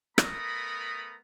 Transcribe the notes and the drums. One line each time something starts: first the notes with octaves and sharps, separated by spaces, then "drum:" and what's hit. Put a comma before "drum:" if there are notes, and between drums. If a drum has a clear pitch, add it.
A3 B3 A#4 A#5 B5 D#6, drum: rim click